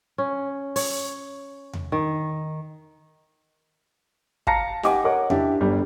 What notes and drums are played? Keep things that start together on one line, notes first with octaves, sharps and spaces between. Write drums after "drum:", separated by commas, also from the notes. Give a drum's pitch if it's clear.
C#4
C#5, drum: open hi-hat
drum: tom E2
D#3
F5 A5 A#5 A#6 C#7, drum: kick
G4 D#5 F#5 G#5 D6, drum: snare D#4
A#4 C#5 D#5 F#5 D6
D4 E4 G4, drum: tom E2
G1 G3 D4